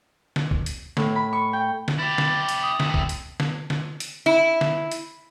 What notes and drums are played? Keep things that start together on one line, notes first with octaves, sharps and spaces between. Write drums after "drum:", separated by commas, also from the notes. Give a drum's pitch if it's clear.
drum: snare
drum: kick
drum: hi-hat
A2, drum: snare
B5
C#6
G5
drum: snare
E4 G4 A6
drum: snare
drum: hi-hat
D#6
C3 A3, drum: snare
drum: kick
drum: hi-hat
drum: snare
drum: snare
drum: hi-hat
E4
drum: snare
drum: hi-hat